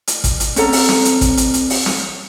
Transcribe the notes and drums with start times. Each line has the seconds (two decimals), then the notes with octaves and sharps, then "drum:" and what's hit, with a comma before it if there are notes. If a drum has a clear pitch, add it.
0.07 drum: hi-hat
0.24 drum: kick, hi-hat
0.40 drum: hi-hat
0.56 C4 C#4 A4 A#5, drum: hi-hat
0.72 drum: open hi-hat
0.89 drum: snare
1.05 drum: hi-hat
1.21 drum: kick, hi-hat
1.37 drum: hi-hat
1.54 drum: hi-hat
1.70 drum: open hi-hat
1.86 drum: snare